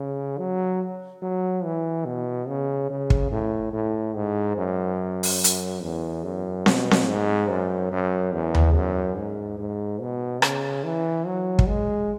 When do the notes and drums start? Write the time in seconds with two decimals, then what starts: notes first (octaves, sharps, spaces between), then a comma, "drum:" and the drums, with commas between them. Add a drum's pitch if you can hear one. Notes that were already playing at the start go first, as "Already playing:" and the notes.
Already playing: C#3
0.38 F#3
1.22 F#3
1.64 E3
2.06 B2
2.48 C#3
2.90 C#3
3.10 drum: kick
3.32 A2
3.73 A2
4.16 G#2
4.57 F#2
5.23 drum: open hi-hat
5.44 drum: hi-hat
5.83 E2
6.24 F#2
6.66 B2, drum: snare C4
6.91 drum: snare C4
7.08 G#2
7.50 F#2
7.92 F#2
8.33 E2
8.55 drum: tom D#2
8.75 F#2
9.17 G#2
9.59 G#2
10.01 B2
10.42 C#3, drum: rim click
10.84 E3
11.26 F#3
11.59 drum: kick
11.68 G#3